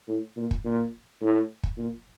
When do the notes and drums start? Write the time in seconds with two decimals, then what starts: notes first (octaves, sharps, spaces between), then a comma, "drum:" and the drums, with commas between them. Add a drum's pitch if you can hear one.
0.08 A2
0.37 A#2
0.51 drum: kick
0.65 A#2
1.21 A2
1.63 drum: kick
1.78 A#2